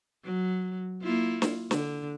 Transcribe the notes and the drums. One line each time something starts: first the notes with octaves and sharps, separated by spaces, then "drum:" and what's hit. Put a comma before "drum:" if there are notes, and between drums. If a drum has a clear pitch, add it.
F#3
A#3 E4 F4
drum: snare
D3, drum: snare